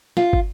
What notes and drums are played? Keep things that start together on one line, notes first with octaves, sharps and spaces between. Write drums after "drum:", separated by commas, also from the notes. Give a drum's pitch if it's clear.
F4, drum: snare
drum: kick